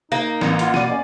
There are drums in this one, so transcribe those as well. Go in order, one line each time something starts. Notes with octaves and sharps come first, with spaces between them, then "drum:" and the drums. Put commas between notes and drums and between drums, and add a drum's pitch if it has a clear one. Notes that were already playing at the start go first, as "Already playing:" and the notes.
A#3 D#4
A1 E3 C4, drum: snare
F4 F#5, drum: hi-hat
B2 D5 D#7, drum: snare
C#4 D#5